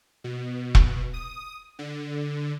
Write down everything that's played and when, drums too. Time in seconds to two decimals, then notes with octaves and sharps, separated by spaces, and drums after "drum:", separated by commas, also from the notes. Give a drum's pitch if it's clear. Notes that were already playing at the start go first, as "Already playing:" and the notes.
0.24 B2
0.75 drum: kick E1
1.14 D#6
1.79 D3